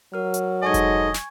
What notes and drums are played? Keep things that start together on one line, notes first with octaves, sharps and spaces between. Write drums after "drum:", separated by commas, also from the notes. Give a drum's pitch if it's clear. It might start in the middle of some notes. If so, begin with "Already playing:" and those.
F#3 A#4 F6
drum: hi-hat
G#2 G#3 A4 D#5 G#5 C#6 G#6
drum: kick F1, hi-hat
drum: snare